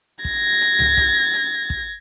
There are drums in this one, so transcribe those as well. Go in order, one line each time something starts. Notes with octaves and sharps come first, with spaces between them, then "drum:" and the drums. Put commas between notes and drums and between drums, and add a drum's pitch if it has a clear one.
G#6 A#6, drum: kick
drum: hi-hat
drum: tom C2
drum: kick, hi-hat
drum: hi-hat
drum: kick